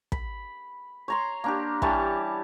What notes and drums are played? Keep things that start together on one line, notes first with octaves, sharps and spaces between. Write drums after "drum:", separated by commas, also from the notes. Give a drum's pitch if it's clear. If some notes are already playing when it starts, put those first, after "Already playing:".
B5, drum: kick
C#5 A#5 C6
A#3 D4 G4
E3 G3 C#5 A5, drum: kick